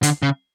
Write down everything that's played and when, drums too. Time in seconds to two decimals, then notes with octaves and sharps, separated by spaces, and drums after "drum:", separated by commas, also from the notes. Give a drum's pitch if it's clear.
0.03 D3, drum: hi-hat
0.22 C#3